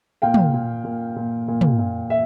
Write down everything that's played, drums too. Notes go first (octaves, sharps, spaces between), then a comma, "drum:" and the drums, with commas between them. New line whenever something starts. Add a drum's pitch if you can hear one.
A#2 F5 G5
drum: tom
A#2
A#2
A#2
A#2
drum: tom
A#2
E5